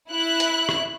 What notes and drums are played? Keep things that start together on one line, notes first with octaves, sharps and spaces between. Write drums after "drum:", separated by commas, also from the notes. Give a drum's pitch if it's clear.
E4 F#6
drum: hi-hat
drum: rim click